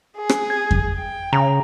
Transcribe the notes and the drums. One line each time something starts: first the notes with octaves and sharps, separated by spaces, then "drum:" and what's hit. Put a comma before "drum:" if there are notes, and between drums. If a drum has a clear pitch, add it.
G#4
drum: rim click
G#6
drum: kick F2
G5
C#3 A#5